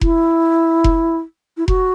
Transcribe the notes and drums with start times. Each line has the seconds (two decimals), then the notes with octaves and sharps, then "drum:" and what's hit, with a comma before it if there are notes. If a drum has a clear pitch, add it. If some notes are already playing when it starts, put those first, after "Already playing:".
0.01 E4, drum: kick F1
0.84 drum: kick F1
1.57 E4
1.68 F#4, drum: kick F1